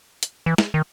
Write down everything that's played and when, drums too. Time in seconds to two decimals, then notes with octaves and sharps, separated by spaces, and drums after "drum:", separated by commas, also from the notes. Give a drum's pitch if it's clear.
0.23 drum: hi-hat
0.46 E3
0.58 drum: snare
0.74 D#3